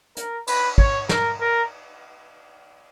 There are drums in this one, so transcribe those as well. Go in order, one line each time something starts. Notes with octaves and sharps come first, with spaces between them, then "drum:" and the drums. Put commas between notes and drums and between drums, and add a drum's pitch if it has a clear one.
A#4, drum: hi-hat
B4, drum: cymbal
C#5, drum: kick
A#4, drum: snare
A#4